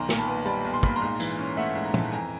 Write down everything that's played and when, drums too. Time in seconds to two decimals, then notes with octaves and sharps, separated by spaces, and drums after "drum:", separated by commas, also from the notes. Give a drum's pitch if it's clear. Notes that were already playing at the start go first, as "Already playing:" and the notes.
Already playing: B1 D#3 A#5 C6
0.09 A#2, drum: snare
0.18 A5 B5
0.27 B3
0.46 G3 A5 B5
0.65 B1
0.74 C6
0.83 A#2 B5, drum: kick
0.96 A#5 C6
1.02 G#2
1.20 E3, drum: tambourine
1.38 C#4
1.57 A3 E5 F#5
1.75 G#2
1.85 A#5
1.94 E3 A5, drum: tom
2.12 F2 G#5 A#5